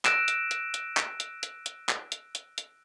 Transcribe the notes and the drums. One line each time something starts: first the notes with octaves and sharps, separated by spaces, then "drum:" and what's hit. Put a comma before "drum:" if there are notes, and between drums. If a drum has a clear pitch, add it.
E6 F#6 A#6 D7 E7, drum: clap
drum: hi-hat
drum: hi-hat
drum: hi-hat
drum: clap
drum: hi-hat
drum: hi-hat
drum: hi-hat
drum: clap
drum: hi-hat
drum: hi-hat
drum: hi-hat